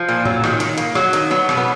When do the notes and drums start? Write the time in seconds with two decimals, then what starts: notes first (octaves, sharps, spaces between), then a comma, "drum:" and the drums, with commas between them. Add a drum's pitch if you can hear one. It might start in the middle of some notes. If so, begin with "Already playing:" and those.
Already playing: F3
0.08 A#2
0.25 F#3, drum: tom A2
0.44 D#3, drum: rim click
0.60 D#3, drum: hi-hat
0.78 A#3, drum: hi-hat
0.95 F#3, drum: rim click
1.13 D#3, drum: hi-hat
1.31 F#3 B3
1.49 B2, drum: rim click
1.57 B3